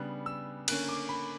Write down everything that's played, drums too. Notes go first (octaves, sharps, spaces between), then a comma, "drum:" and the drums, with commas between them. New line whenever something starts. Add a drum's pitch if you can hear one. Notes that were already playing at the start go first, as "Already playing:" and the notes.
Already playing: C#3 G3 B3 D4 F#6
E6
D3 A#3 C#4 F#6, drum: cymbal
D6
B5